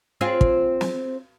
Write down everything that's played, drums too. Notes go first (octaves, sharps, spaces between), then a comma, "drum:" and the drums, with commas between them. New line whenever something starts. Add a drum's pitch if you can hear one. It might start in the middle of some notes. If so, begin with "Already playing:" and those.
C4 F4 G#4
drum: kick
drum: snare